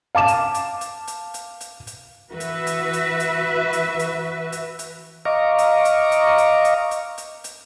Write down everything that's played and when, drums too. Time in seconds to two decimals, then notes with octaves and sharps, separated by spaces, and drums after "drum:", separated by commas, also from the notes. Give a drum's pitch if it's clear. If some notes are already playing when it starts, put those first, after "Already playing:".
0.15 F5 A5 D6 E7
0.28 drum: hi-hat
0.54 drum: hi-hat
0.81 drum: hi-hat
1.07 drum: hi-hat
1.34 drum: hi-hat
1.61 drum: hi-hat
1.87 drum: hi-hat
2.30 E3 F#4 B4 E5
2.40 drum: hi-hat
2.67 drum: hi-hat
2.93 drum: hi-hat
3.20 drum: hi-hat
3.73 drum: hi-hat
3.99 drum: hi-hat
4.52 drum: hi-hat
4.79 drum: hi-hat
5.25 D#5 F5 A#5 C#6 D6
5.58 drum: hi-hat
5.85 drum: hi-hat
6.11 drum: hi-hat
6.38 drum: hi-hat
6.65 drum: hi-hat
6.91 drum: hi-hat
7.18 drum: hi-hat
7.44 drum: hi-hat